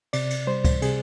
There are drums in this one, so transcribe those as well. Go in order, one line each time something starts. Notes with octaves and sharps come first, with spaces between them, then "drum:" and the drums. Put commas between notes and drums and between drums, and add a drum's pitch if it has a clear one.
C3 D5, drum: cymbal
drum: cymbal
G3 C5
drum: kick C#2, cymbal
C3 G#4, drum: cymbal